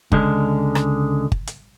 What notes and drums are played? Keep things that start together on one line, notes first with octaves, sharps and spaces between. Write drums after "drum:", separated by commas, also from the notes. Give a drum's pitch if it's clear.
C#2 D3 G#3, drum: kick G1
drum: rim click
drum: kick G1
drum: hi-hat